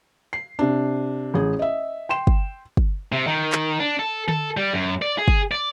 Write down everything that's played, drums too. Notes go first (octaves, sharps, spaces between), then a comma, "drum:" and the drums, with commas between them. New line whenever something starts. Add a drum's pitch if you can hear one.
C7
C3 D4
A1 G#4
D#5 E5
G5 C6 E7
drum: kick
drum: kick
C3
D#3
drum: clap
D4
A4
A4, drum: tom D3
G3
F#2
D5
G#4
drum: kick
D5